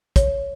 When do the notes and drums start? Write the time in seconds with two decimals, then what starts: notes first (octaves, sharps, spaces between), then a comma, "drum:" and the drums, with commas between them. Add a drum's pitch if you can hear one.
0.16 C#5, drum: kick, hi-hat